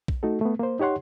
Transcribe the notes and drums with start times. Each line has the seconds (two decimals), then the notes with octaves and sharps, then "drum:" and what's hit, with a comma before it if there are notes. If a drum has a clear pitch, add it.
0.08 drum: kick
0.23 A3 D#4 F#4 A4
0.41 A3 B3
0.59 A#3 C5
0.79 D#4 G4 C#5 F#5 C6